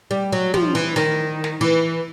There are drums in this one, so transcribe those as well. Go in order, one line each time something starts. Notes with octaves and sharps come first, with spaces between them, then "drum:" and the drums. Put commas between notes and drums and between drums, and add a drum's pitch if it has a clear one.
G3
F#3
F3, drum: tom
E3
D#3
drum: snare
E3